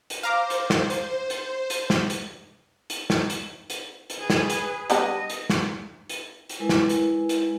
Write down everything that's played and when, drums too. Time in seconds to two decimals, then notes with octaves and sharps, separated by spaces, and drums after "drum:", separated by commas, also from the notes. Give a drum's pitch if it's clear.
0.10 drum: hi-hat
0.23 C5 F5 A#5 D6
0.50 drum: hi-hat
0.70 drum: snare
0.90 drum: hi-hat
1.30 drum: hi-hat
1.70 drum: hi-hat
1.90 drum: snare
2.10 drum: hi-hat
2.90 drum: hi-hat
3.10 drum: snare
3.30 drum: hi-hat
3.70 drum: hi-hat
4.10 drum: hi-hat
4.19 G#4 B4
4.30 drum: snare
4.50 drum: hi-hat
4.90 G3 B3 D4 D#5, drum: hi-hat
5.30 drum: hi-hat
5.50 drum: snare
6.09 drum: hi-hat
6.49 drum: hi-hat
6.60 G#3 E4 A#4 B4 G#5
6.69 drum: snare
6.89 drum: hi-hat
7.29 drum: hi-hat